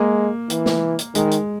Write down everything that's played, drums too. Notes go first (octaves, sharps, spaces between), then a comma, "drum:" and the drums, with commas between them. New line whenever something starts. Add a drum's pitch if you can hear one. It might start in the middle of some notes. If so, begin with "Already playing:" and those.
Already playing: G#3 A#3
E3, drum: hi-hat
drum: snare
drum: hi-hat
D#3 G#3, drum: hi-hat
drum: hi-hat